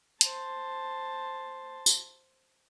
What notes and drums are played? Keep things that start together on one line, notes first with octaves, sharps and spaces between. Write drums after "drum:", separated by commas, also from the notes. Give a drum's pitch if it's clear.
C5 A5, drum: hi-hat
drum: tambourine